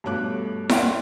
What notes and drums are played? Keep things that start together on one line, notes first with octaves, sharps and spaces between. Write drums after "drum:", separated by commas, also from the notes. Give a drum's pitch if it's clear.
G2 B2 A3 C#5 D6 F#6
C#5 D5 E5 F#5 G5 C6, drum: snare E4